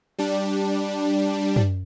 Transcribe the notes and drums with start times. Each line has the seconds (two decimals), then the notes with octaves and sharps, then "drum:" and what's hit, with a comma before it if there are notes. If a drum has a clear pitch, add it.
0.18 G3 D4
1.56 drum: tom F#2